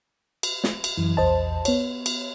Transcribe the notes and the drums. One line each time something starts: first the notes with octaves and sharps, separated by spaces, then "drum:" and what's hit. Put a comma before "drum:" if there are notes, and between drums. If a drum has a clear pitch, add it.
drum: cymbal
drum: snare
drum: cymbal
F#2 E3
A#1 E2 C5 D#5 A5
B3 C#5, drum: cymbal
drum: cymbal